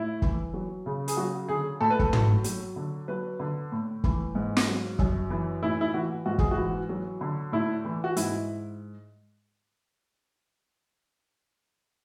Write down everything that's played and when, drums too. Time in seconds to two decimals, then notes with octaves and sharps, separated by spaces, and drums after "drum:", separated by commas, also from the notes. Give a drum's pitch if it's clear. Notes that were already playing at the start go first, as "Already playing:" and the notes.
Already playing: A2 E4
0.22 E3, drum: kick
0.54 F#3
0.86 C#3
1.08 G#4, drum: hi-hat
1.17 F#3 F#4
1.48 D3 G#4
1.80 A2 A4
1.90 B4
1.99 A4, drum: kick
2.13 F#3, drum: tom
2.44 F#3, drum: hi-hat
2.76 D3
3.08 F#3 B4
3.40 D3
3.72 A2
4.04 E3, drum: kick
4.35 G#2
4.57 drum: snare
4.67 F#3
4.99 F#2, drum: kick
5.30 E3
5.63 A2 E4
5.81 E4
5.94 E3 F#4
6.26 G#2 F#4
6.39 G#4, drum: kick
6.51 F#4
6.57 E3
6.89 F#3
7.21 D3
7.52 A2 E4
7.85 E3
8.04 F#4
8.17 G#2 E4, drum: hi-hat